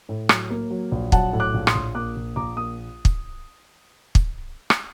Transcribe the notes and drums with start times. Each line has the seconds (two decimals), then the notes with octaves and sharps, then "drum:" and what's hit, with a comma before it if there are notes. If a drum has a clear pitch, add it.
0.09 A2
0.29 F#3, drum: rim click
0.50 A#3
0.70 F#3
0.92 A#1
1.12 F#3 F#5 A5, drum: kick
1.33 A2
1.40 D6 F#6
1.54 A#1
1.67 C6 D#6, drum: rim click
1.75 A#1
1.95 A#3 D6 F#6
2.16 A#1
2.36 A#1 A#5 D6
2.56 A#3 D#6
3.05 drum: kick
4.15 drum: kick
4.70 drum: rim click